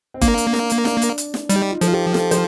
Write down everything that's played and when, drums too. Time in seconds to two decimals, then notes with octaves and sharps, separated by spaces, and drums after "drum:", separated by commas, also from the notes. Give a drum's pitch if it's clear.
0.14 C4
0.21 A#3 D4, drum: kick G1, hi-hat
0.38 drum: hi-hat
0.54 drum: snare
0.70 drum: hi-hat
0.85 D4, drum: snare
1.02 drum: hi-hat
1.18 drum: hi-hat
1.34 drum: snare
1.49 G3 D#4, drum: hi-hat
1.72 F4
1.81 F3 A4, drum: hi-hat
1.92 G4
2.14 A4, drum: snare
2.31 C5, drum: hi-hat